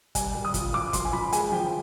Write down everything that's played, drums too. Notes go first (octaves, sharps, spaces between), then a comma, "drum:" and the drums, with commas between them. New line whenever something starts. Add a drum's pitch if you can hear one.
G3 G#5, drum: kick, hi-hat
G3
D#6
F4, drum: kick, hi-hat
F3 D6
F3 C6, drum: kick, hi-hat
G#5
F3 B5
G#3 G#5, drum: hi-hat
F3 G5